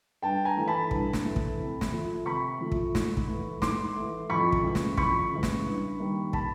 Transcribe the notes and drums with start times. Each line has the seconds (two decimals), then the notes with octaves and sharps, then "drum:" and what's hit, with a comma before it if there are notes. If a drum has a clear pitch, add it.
0.22 G2 G5 A5
0.45 G#5 A#5
0.57 E3 A3
0.68 A5 B5
0.91 G2, drum: kick
1.13 drum: snare
1.25 E3 A3
1.36 drum: kick
1.59 C3
1.81 drum: snare
1.92 F3 A3
2.26 C3 B5 C#6
2.61 F3 A3
2.72 drum: kick
2.95 G#2, drum: snare
3.17 drum: kick
3.28 E3 A3
3.62 G#2 C6 D6, drum: snare
3.96 E3 A3
4.30 F2 B5 C#6
4.52 drum: kick
4.63 C#3 E3 G#3
4.75 drum: snare
4.97 F2 B5 C#6, drum: kick
5.32 C#3 E3 G#3
5.43 drum: snare
5.66 G2
5.99 D#3 G3 A#3
6.33 A5 B5, drum: kick